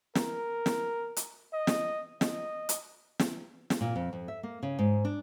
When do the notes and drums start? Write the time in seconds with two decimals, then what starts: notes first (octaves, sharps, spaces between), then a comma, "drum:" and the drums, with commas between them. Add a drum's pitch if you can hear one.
0.15 A#4, drum: snare
0.66 drum: snare
1.17 drum: hi-hat
1.53 D#5
1.67 drum: snare
2.21 D#5, drum: snare
2.69 drum: hi-hat
3.20 drum: snare
3.70 drum: snare
3.81 A#2
3.96 F2
4.13 F2
4.28 E5
4.43 A#3
4.63 C#3
4.79 G#2
5.05 D4